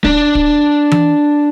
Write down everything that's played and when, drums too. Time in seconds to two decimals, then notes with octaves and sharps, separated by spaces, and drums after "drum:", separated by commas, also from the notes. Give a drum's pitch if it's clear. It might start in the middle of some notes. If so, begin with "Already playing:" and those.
0.04 D4, drum: kick
0.35 drum: kick
0.92 drum: tom E3